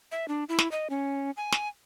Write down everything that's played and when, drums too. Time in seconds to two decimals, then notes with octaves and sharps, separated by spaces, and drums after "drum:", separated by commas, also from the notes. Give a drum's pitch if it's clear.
0.12 E5
0.28 D4
0.49 E4
0.59 drum: snare
0.71 D#5
0.90 C#4
1.37 G#5
1.52 drum: snare